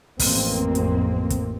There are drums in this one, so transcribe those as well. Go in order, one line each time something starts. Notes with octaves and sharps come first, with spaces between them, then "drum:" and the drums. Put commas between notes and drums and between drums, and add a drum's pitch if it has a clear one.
A1 F2 A#3 C4, drum: kick, open hi-hat
drum: hi-hat
drum: kick, hi-hat